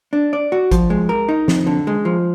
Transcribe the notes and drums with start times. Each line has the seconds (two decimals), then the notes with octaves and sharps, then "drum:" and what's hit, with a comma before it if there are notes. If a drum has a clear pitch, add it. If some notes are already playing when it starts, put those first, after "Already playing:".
0.13 D4
0.33 D5
0.52 F#4
0.71 F3, drum: kick G#1, hi-hat
0.90 G#3
1.09 A#4
1.29 D#4
1.48 F2, drum: snare
1.67 D3
1.87 G#3
2.05 F3